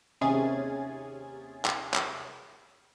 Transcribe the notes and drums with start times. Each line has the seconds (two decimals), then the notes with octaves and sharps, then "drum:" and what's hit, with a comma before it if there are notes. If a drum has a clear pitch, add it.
0.21 D#2 C3 C#4 G#4 G#6 A6
1.65 drum: clap
1.94 drum: clap